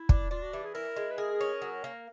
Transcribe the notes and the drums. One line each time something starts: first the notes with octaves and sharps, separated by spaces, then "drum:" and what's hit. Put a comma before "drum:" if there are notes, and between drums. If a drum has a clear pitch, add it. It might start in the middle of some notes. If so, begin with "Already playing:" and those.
Already playing: E4
D4, drum: kick
D4 F4
F#4
E3 G4
G#4
E4 A#4
G#3
B4
G#4 A#4
C#4
F#3
A#3